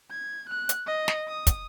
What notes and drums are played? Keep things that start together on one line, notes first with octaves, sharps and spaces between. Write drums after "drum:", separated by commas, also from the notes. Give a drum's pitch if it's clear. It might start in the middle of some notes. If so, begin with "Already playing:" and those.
G#6
F#6
drum: hi-hat
D#5
drum: snare
D#6
drum: kick, hi-hat